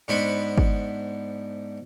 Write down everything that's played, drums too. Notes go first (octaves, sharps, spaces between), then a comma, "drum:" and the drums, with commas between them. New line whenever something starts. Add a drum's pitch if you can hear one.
G#2 B3 D4 C5 B5 C#6
drum: kick G1